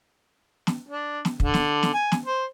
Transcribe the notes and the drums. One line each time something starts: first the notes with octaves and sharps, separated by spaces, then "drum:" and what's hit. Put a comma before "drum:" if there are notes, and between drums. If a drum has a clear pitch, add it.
drum: snare
D4
drum: snare
D3, drum: kick
drum: snare
drum: snare
G#5
drum: snare
C5